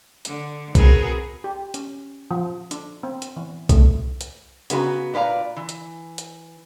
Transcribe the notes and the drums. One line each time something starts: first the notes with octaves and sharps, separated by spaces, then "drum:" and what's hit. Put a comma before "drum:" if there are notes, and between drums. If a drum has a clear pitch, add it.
D3, drum: hi-hat
C4 F#4 G#4 A#4 B4, drum: kick C2, hi-hat
G4
C#4, drum: hi-hat
F3
D4, drum: hi-hat
C4
drum: hi-hat
E3
A3, drum: kick C2, hi-hat
drum: hi-hat
C#3 B3 F4 F#4 A#5, drum: hi-hat
A#2 B4 D5 F5 A#5
E3
drum: hi-hat
drum: hi-hat